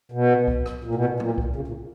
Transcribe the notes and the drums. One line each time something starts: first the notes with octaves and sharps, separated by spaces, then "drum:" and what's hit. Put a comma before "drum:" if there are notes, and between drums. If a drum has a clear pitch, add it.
B2
drum: kick C2
drum: rim click
A#2
B2
A#2
A#2, drum: tom
drum: kick C2
C#3
A#2